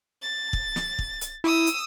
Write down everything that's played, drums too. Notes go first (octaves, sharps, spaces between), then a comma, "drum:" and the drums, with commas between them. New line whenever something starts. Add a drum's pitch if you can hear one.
A6
drum: kick
drum: snare
drum: kick
drum: hi-hat
E4 D#6 E6
drum: hi-hat